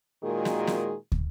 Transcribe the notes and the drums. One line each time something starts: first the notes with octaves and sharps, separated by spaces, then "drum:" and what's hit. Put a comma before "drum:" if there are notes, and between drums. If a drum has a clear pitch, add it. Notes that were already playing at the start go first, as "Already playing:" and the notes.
A#2 D#3 G#3 F#4 G#4
drum: snare
drum: snare
drum: kick